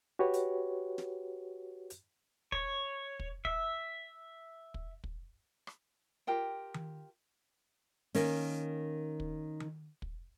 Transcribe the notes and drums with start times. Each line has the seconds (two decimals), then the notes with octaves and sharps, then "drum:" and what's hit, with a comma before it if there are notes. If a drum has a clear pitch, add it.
0.19 F#4 G4 B4 C#5
0.34 drum: hi-hat
0.98 drum: snare
1.90 drum: hi-hat
2.52 C#5, drum: kick
3.19 drum: kick
3.45 E5, drum: kick
4.74 drum: kick
5.04 drum: kick
5.67 drum: rim click
6.27 F4 G4 A#4 G5
6.74 drum: tom D#3
8.15 D#3 A#3 C#4, drum: open hi-hat
9.20 drum: kick
9.60 drum: tom D#3
10.02 drum: kick